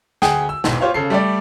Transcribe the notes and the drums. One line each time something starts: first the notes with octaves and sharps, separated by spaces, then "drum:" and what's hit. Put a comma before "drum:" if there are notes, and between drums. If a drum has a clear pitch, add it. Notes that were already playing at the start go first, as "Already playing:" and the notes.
D2 G#4 F#5 G5 D#6, drum: snare
E6
E1 E2 G#2, drum: snare
F4 G4 C5 C#5 F5
C#3 A4 C7
G3 A3 G4 D5